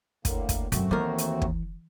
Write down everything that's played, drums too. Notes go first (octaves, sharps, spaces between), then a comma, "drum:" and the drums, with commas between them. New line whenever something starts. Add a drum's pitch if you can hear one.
A2 D3 A#3, drum: kick, hi-hat
drum: kick, hi-hat
F#2 A3 C4 F#4, drum: hi-hat
D#2 E3 A#4
drum: hi-hat
drum: kick